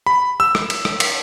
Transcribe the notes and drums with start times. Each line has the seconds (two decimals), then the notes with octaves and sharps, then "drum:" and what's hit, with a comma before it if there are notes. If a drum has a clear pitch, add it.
0.07 B5
0.40 E6
0.55 drum: rim click
0.70 drum: cymbal
0.85 drum: rim click
1.00 drum: cymbal